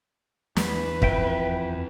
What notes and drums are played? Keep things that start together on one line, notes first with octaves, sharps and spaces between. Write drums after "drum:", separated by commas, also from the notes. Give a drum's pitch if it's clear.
E2 B4, drum: snare
F2 E5 G5, drum: kick